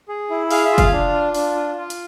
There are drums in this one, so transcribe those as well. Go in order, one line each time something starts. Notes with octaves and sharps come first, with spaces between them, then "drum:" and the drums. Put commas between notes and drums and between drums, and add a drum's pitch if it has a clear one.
G#4
E4
G#4 F5, drum: open hi-hat
E5
F4
F5, drum: kick, hi-hat
D4
F4
D4, drum: open hi-hat
F4
F4
drum: hi-hat